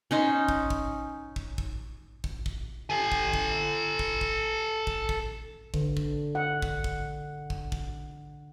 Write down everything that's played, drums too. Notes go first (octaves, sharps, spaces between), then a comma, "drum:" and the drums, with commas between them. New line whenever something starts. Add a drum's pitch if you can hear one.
C#4 D#4 C5
drum: kick
drum: kick
drum: kick
drum: kick
drum: kick
drum: kick
A4 G#5
drum: kick
drum: kick
drum: kick
drum: kick
drum: kick
drum: kick
D3, drum: kick
drum: kick
F#5
drum: kick
drum: kick
drum: kick
drum: kick